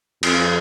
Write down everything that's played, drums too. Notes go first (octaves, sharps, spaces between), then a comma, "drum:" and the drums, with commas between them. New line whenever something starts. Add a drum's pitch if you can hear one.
F2, drum: cymbal